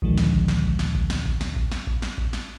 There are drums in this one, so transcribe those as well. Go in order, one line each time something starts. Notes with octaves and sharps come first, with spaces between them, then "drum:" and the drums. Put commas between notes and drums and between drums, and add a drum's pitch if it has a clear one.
D2 A#2 D3 D#3 F3 G#3, drum: kick A1
drum: snare
drum: kick A1
drum: snare
drum: kick A1
drum: snare
drum: kick A1
drum: snare
drum: kick A1
drum: snare
drum: kick A1
drum: snare
drum: kick A1
drum: snare
drum: kick A1
drum: snare